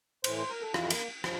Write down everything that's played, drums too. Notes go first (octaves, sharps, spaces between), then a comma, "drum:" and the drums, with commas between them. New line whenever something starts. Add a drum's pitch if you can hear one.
A2 E3 C5, drum: cymbal
C5
A#4
A4
F2 E3 F4, drum: rim click
A#3, drum: cymbal
F3, drum: rim click